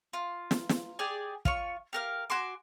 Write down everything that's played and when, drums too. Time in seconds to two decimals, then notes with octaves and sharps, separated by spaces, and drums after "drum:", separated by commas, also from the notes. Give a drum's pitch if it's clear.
0.13 F4
0.51 drum: snare
0.69 drum: snare
0.99 G4 G#4 D5 G#5
1.45 F4 C#5 C#6, drum: kick
1.93 G4 A#4 F5
2.30 F#4 G#5 C6 D6